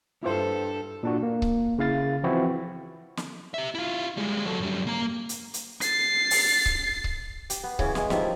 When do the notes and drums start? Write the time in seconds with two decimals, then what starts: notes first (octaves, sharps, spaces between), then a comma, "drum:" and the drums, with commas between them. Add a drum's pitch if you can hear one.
0.23 G2 E4 F4 A4 C5
1.03 A#2 D4 F#4
1.23 A#3
1.42 drum: kick C#1
1.78 C#3 E4 F5 A6
2.24 E3 F3 C4 E4 F#4
3.17 drum: snare
3.54 G4 E5
3.75 E4 F4
4.17 G3 G#3
4.45 F#3 A4
4.59 F#2 G3
4.87 A#3 A#5
5.29 drum: hi-hat
5.54 drum: hi-hat
5.81 A6 C7, drum: hi-hat
6.31 drum: open hi-hat
6.66 drum: kick C#1
7.04 drum: kick C#1
7.50 G4 G5, drum: hi-hat
7.64 B3
7.79 C#3 E3 C#4 G#4, drum: kick C#1
7.95 G#3 G#4, drum: snare
8.10 D#3 F3 G3 E5, drum: snare